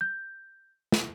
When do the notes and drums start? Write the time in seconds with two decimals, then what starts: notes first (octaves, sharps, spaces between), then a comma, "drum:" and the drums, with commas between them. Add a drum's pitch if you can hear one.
0.01 G6
0.92 drum: snare